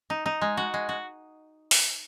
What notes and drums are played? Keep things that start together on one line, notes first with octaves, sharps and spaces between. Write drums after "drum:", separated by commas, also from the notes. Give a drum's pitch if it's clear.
D#4
D#4
G#3
F#4
G#3
F#4
drum: open hi-hat